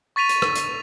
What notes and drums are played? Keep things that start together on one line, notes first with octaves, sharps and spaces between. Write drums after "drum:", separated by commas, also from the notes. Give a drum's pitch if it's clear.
C#6 A6 B6 D#7 F7
drum: hi-hat
drum: rim click
drum: hi-hat